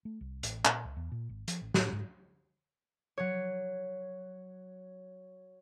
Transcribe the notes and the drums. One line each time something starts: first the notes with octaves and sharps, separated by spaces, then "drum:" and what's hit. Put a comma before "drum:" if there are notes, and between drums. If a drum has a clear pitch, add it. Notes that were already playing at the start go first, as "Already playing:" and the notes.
A3
C2
A1, drum: hi-hat
A#2, drum: clap
C#2
E2
A#2
G#1
F3, drum: hi-hat
A1
A2, drum: snare
G#2
F#3 C#5